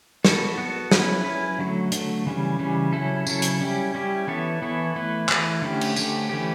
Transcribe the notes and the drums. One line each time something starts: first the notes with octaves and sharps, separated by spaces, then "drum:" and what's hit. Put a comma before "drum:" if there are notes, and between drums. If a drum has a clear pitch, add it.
B3 F#4 A4, drum: snare
B3 F#4 A4
F#3 C#4 E4 B4, drum: snare
F#3 C#4 E4 B4
D3 F#3 A3
D3 F#3 A3, drum: hi-hat
C#3 E3 G3 C#4
C#3 E3 G3 C#4
C#3 F#3 C#4 E4 A4
C#3 F#3 C#4 E4 A4, drum: tambourine
drum: hi-hat
G3 C#4 E4 G4
G3 C#4 E4 G4
E3 B3 E4 A4 C#5
E3 B3 E4 A4 C#5
E3 A3 E4 B4
E3 A3 E4 B4, drum: clap
D3 A3 C#4 G4
drum: cymbal
D3 A3 C#4 G4, drum: tambourine
E3 A3 C#4 G4